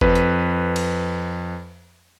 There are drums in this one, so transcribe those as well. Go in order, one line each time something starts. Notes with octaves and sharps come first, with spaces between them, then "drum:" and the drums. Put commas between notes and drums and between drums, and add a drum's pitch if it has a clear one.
F2 B4, drum: kick
drum: hi-hat
drum: cymbal